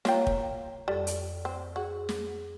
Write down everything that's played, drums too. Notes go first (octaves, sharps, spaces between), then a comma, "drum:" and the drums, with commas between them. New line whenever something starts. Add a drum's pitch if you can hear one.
A#3 F4 C#5 F5 G5 A#5, drum: snare
drum: kick
F2 G3 A4 A6
drum: hi-hat
C4
F#4 G#4
drum: snare